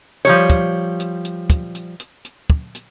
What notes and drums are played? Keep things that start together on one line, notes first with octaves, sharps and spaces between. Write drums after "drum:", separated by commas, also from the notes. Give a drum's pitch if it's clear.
F3 G3 C#5, drum: hi-hat
drum: kick, hi-hat
drum: hi-hat
drum: hi-hat
drum: kick, hi-hat
drum: hi-hat
drum: hi-hat
drum: hi-hat
drum: kick
drum: hi-hat